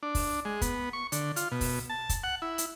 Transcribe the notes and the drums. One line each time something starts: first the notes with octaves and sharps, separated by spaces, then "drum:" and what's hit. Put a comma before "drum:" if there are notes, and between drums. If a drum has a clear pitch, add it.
D4
drum: kick, open hi-hat
G#3
B3, drum: kick, hi-hat
C#6
D3, drum: hi-hat
F4, drum: hi-hat
B2
drum: kick, open hi-hat
A5
drum: kick, hi-hat
F#5
E4
drum: hi-hat